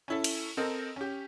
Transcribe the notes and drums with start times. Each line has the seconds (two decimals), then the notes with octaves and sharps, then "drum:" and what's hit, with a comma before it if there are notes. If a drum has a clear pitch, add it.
0.08 C#4 E4 A4
0.24 drum: cymbal
0.57 C4 A4 A#4 D#5
0.96 C#4 G4